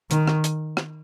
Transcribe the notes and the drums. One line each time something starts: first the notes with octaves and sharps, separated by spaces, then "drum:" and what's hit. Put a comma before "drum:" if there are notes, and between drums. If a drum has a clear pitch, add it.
D#3, drum: hi-hat
drum: rim click
drum: hi-hat
drum: rim click